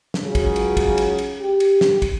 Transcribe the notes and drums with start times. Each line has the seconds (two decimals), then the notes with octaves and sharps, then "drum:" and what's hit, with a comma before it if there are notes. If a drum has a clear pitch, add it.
0.14 drum: snare
0.25 C#2 C#3 F#3
0.35 drum: kick, cymbal
0.56 drum: cymbal
0.77 drum: kick, cymbal
0.98 drum: cymbal
1.19 drum: cymbal
1.39 G4
1.60 drum: cymbal
1.81 drum: snare
2.02 drum: kick, cymbal